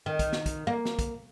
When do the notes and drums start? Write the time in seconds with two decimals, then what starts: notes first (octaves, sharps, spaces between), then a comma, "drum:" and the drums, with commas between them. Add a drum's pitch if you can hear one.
0.06 D#3
0.19 drum: kick, hi-hat
0.33 drum: snare
0.46 drum: kick, hi-hat
0.67 A#3
0.85 drum: snare
0.99 drum: kick, hi-hat